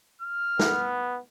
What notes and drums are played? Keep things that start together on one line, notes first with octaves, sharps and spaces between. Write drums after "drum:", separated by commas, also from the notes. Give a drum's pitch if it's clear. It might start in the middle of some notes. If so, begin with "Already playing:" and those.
F6
B3, drum: snare